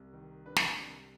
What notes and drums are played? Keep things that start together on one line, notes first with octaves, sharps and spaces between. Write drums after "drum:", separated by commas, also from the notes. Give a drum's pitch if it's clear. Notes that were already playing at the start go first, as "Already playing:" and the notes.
Already playing: C2
D#3
D4 B4
drum: snare
C2